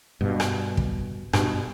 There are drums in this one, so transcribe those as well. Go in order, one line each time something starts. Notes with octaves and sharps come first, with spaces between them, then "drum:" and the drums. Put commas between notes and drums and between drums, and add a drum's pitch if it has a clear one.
G2 B2
drum: rim click
drum: kick
G2 B2, drum: rim click